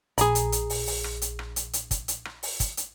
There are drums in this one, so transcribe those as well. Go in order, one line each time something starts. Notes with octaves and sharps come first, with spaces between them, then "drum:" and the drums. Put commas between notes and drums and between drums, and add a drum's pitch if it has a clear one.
A#1 G#4 A#5 B5, drum: hi-hat
drum: hi-hat
drum: hi-hat
drum: open hi-hat
drum: open hi-hat
drum: rim click
drum: hi-hat
drum: rim click
drum: hi-hat
drum: hi-hat
drum: kick, hi-hat
drum: hi-hat
drum: rim click
drum: open hi-hat
drum: kick, hi-hat
drum: hi-hat